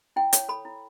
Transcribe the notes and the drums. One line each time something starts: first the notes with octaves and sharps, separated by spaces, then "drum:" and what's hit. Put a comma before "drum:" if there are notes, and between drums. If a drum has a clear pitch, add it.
E4 G5
C#5, drum: hi-hat
A4 B5
E4